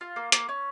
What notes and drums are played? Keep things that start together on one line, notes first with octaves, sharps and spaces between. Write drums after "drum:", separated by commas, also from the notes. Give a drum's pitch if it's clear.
F4
A#3
A#3, drum: hi-hat
C#4